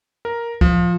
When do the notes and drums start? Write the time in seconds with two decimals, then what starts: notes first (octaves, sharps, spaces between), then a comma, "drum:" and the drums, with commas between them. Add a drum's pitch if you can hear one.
0.25 A#4
0.61 F3, drum: kick